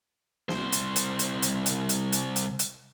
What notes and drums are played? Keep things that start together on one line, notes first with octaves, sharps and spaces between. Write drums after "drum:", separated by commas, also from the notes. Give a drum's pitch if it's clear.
C2 C5, drum: snare
drum: hi-hat
drum: hi-hat
drum: hi-hat
drum: hi-hat
drum: hi-hat
drum: hi-hat
drum: hi-hat
drum: hi-hat
drum: hi-hat